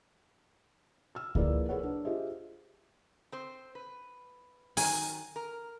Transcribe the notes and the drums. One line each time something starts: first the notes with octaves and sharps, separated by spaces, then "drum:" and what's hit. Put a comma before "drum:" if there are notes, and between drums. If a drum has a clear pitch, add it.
E6 F6
F3 A#3 E4 G#4 B4 D5, drum: kick C#2
G#4 A#4 B4 C#5 F#5
D4
F4 G4 G#4 C5 D#5 E5
C4 C5
B4
D#3 F#3 G#5, drum: open hi-hat
A#4